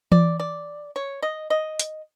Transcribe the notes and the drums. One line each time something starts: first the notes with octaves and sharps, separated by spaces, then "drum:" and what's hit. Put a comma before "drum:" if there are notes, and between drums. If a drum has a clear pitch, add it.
D5, drum: tom E3
D5
C#5
D#5
D#5
drum: hi-hat